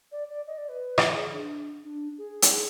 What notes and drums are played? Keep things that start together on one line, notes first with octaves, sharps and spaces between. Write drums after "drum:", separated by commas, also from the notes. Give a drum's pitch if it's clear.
D5
D5
D#5
D5
B4
drum: rim click
G#4
D4
D4
G#4
drum: hi-hat
G#4